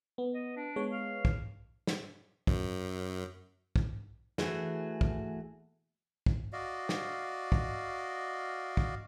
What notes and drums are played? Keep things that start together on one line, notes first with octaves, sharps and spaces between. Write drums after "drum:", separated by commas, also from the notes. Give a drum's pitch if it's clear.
B3
D#5
D4
G#3 B3 C#5
F5
drum: kick
drum: snare
F#2, drum: kick
drum: kick
E3 A3 F#4 G#4, drum: snare
drum: kick
drum: kick
F#4 D5 D#5 F5
drum: snare
drum: kick
drum: kick